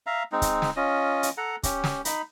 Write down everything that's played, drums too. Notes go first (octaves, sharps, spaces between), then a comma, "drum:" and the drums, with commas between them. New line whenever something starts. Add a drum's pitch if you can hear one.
E5 F5 A#5
G#3 C4 D#4
drum: kick C#1, hi-hat
drum: snare
C#4 F4 D#5
drum: hi-hat
A4 F#5 A#5
C#4 G4, drum: kick C#1, hi-hat
drum: snare
D#4 B5, drum: hi-hat